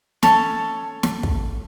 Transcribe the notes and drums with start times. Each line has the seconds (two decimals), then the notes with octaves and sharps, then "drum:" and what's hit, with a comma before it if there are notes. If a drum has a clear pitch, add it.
0.23 C#4 A4 C#5 A5, drum: snare
1.03 drum: snare
1.23 drum: kick